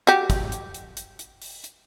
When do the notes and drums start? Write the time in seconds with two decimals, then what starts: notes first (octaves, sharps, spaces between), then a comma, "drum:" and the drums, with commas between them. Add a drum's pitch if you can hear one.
0.07 F#4 G4, drum: hi-hat
0.30 drum: kick, hi-hat
0.52 drum: hi-hat
0.74 drum: hi-hat
0.97 drum: hi-hat
1.19 drum: hi-hat
1.42 drum: open hi-hat
1.64 drum: hi-hat